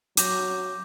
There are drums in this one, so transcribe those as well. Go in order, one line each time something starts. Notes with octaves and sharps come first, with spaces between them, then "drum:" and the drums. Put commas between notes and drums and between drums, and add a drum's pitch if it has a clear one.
F#3 D6 G6 A#6, drum: hi-hat